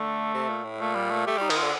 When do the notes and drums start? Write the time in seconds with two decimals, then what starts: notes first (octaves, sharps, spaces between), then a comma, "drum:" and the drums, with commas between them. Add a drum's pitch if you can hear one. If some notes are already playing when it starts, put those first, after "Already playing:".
Already playing: D3 A3
0.34 C3
0.49 A#2
0.64 A2
0.80 A#2 A3
0.95 G3
1.11 A3
1.26 A3 G4
1.37 G3 D#4
1.50 D#3, drum: cymbal
1.57 F4
1.62 D3